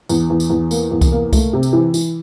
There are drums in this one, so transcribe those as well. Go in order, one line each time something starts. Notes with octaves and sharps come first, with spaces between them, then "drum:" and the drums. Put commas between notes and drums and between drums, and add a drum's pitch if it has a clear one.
E2, drum: tambourine
E2
drum: tambourine
E2
A#3, drum: tambourine
E2
drum: kick C2, tambourine
A#3
A3, drum: kick C2, tambourine
C3
drum: tambourine
E3
E3, drum: tambourine